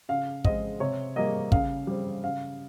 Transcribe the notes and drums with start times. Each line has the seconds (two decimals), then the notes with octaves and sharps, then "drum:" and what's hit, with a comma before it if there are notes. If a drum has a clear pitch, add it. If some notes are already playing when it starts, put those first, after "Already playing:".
0.09 C#3 F5
0.45 G#3 C4 D#5, drum: kick
0.80 C3 C#5
1.16 G3 A#3 D#5
1.52 C#3 F5, drum: kick
1.87 G3 C4
2.23 C#3 F5